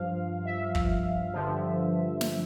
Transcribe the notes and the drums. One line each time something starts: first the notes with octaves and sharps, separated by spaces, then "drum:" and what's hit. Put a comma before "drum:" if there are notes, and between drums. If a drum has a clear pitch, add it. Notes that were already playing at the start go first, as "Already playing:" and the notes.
Already playing: G2 F3 F5
E5
drum: kick
G2 D3 F3
drum: snare